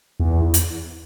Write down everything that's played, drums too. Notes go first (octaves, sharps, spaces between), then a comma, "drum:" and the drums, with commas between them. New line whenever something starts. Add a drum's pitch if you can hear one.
E2
drum: hi-hat